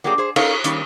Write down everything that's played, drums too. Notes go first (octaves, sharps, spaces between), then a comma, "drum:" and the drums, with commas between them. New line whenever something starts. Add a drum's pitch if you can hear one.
F#3 A#3 D4 G4 G#4 D5
G#4 C5
C#4 D#4 A4 A#4 C#5 F5, drum: cymbal
D#3 G3 A#3 C#4, drum: hi-hat